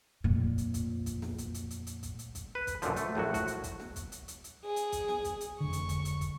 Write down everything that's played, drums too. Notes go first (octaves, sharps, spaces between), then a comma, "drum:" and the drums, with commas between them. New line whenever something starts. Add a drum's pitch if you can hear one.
F2 A#2
drum: hi-hat
drum: kick, hi-hat
drum: kick, hi-hat
drum: snare
drum: kick, hi-hat
drum: hi-hat
drum: hi-hat
drum: hi-hat
drum: kick, hi-hat
drum: hi-hat
drum: kick, hi-hat
B4
drum: kick, hi-hat
F#2 A#2 D3 F3, drum: hi-hat
A3, drum: hi-hat
A#1 A2 F#3 F#4
F#4, drum: kick, hi-hat
drum: hi-hat
drum: kick, hi-hat
drum: snare
drum: kick, hi-hat
drum: hi-hat
drum: hi-hat
drum: hi-hat
G#4
drum: hi-hat
drum: kick, hi-hat
drum: snare
drum: kick, hi-hat
drum: hi-hat
F1 D3 C#6
drum: hi-hat
drum: kick, hi-hat
drum: hi-hat
drum: kick, hi-hat